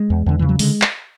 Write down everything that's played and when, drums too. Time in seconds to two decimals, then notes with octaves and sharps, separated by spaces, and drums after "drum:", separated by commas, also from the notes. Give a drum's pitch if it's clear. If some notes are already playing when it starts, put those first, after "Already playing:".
Already playing: G#3
0.10 E2
0.26 E2 D3
0.39 C#3 E3
0.49 F#3
0.59 D3 G#3, drum: open hi-hat
0.82 drum: clap